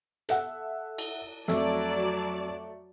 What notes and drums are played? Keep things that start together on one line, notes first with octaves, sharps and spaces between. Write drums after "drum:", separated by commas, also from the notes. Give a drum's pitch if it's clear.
A4 E5 F#5, drum: hi-hat
drum: cymbal
F2 F#3 A3 D5 A5 E6, drum: snare